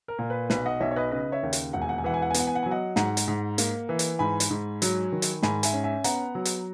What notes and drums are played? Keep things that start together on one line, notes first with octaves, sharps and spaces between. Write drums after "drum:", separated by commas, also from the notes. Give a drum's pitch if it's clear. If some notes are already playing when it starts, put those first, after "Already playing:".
A#4
A#2
B4
B1 B4, drum: snare
D#5 F#5
B1 C#5 E5
C#5
B4 D#5
C#3 B4 D#5
C#5 E5
D#2
drum: hi-hat
E1 F#5
G#5
F#5
G#5
E3 F#5
G#5
F#5
G#5
B3 F#5, drum: hi-hat
G#5
F#5
G#5
F#3
D#5 F#5
G#2 F#5 A#5, drum: snare
drum: hi-hat
G#2
A#3, drum: hi-hat
E3
drum: hi-hat
G#2 G#5 B5
drum: hi-hat
G#2
F#3, drum: hi-hat
D#3
drum: hi-hat
G#2 G#5 B5, drum: snare
E5 G#5, drum: hi-hat
C#4
E5 G#5
B3 F#5 A#5, drum: hi-hat
F#3
drum: hi-hat